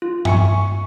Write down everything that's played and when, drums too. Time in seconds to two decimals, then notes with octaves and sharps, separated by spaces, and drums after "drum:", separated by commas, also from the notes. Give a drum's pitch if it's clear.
0.02 F4
0.25 E5 G#5 C#6 C#7, drum: tom G2